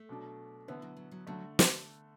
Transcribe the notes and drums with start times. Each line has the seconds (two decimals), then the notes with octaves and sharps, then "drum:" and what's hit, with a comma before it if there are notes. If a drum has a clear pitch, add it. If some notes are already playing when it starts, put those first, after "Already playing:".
Already playing: A3
0.09 B2 F#3 D4
0.68 D3 E3 B3 E4
0.82 F#3
0.97 F#3
1.12 F#3
1.27 D3 F#3 A3
1.59 drum: snare